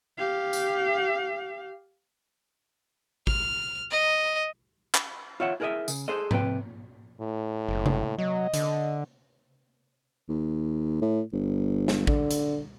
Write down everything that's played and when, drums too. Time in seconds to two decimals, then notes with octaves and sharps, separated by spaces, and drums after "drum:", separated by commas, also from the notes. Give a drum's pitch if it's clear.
0.18 G4 F5
0.53 drum: tambourine
3.27 F6, drum: kick A1
3.91 D#5
4.95 drum: clap
5.40 F4 C#5 E5 F#5
5.60 E4 G#4 A#4 C5 D#5 E5
5.88 C#3, drum: tambourine
6.08 G#4 A4 C5 D#5
6.31 C3 C4 B4 E5 G5, drum: tom G#2
7.20 A2
7.68 F#1
7.86 drum: tom C3
8.18 F#3 D#5
8.54 D3, drum: hi-hat
10.29 D#2
11.02 A2
11.33 G1
11.88 drum: snare
12.07 D3, drum: kick A1
12.31 drum: hi-hat